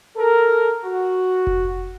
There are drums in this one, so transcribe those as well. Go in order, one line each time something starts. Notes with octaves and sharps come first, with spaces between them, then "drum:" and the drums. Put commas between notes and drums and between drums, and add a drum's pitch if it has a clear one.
A4 A#4
F#4
drum: kick F1